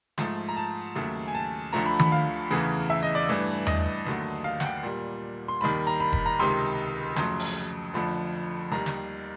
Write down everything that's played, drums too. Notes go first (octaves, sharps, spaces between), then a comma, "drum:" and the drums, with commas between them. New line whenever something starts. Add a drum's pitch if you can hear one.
G#2 F3 A3, drum: snare
A#5
A5
D#2 C#3 F#3 A3
G#5
A5
D2 D3 F3 A3 A#5
B5
B5, drum: tom D#3
F5
E2 C#3 E3 A3
E5
D#5
D5
G2 E3 A3
D#5, drum: tom E2
D#2 D3 F#3 A3
F5
F#5, drum: snare
G5
A#2 G3
C6
D#2 D#3 G3 B5
B5
A#5
B5
B5, drum: kick F1
A#5
C#2 C3 D#3 C6
F2 C#3 F#3 A3 C6, drum: snare
drum: open hi-hat
F2 D3 F3 A3 B5
D#2 D#3 G3 A#5
drum: snare